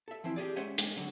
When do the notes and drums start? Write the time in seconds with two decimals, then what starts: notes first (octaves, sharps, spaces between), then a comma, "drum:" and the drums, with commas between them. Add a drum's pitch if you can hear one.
0.08 A4 E5
0.24 E3 F3 C4 E4
0.36 G4 G#4 D5
0.56 G#3 C#4 C5 E5 F#5 G#5
0.78 G#3, drum: hi-hat
0.97 D3 F#3